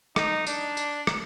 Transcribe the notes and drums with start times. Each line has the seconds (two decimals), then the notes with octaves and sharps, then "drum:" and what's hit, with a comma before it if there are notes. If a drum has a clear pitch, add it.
0.16 D#4, drum: rim click
0.47 D4, drum: tambourine
0.77 drum: tambourine
1.07 drum: rim click